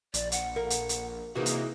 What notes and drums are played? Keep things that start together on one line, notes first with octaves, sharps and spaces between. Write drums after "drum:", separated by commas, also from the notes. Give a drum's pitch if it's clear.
A#1 D5, drum: hi-hat
F#5, drum: hi-hat
A#3
drum: hi-hat
drum: hi-hat
C3 E3 A#3 D#4 F#4 G#4
drum: hi-hat